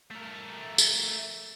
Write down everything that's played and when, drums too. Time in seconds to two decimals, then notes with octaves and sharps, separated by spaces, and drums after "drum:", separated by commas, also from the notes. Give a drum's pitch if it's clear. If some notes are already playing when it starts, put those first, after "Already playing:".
0.11 A3 A#4
0.78 drum: tambourine